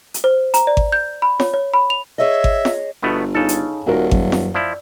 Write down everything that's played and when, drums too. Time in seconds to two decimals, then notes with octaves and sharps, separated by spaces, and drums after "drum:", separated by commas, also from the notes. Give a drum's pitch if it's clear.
0.14 drum: hi-hat
0.24 C5
0.54 A#5, drum: hi-hat
0.67 D5
0.77 drum: kick G#1
0.92 G6
1.22 B5
1.40 C#5, drum: snare F4
1.54 C#5
1.74 B5
1.90 F7
2.18 G#4 C#5 D#5 E5
2.44 drum: kick G#1
2.65 drum: snare F4
3.03 G1 B2 A3 B3
3.35 C#3 D#4 A4
3.49 drum: hi-hat
3.86 D#1 D#4 F#4 A#4
4.11 F#2, drum: kick G#1
4.32 drum: snare F4
4.54 F3 E4 D5